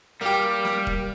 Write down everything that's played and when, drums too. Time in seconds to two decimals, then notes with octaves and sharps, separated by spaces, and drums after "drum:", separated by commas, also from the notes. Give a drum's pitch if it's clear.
0.21 G3 A#3 G4 A#4
0.65 drum: snare
0.87 drum: kick D#1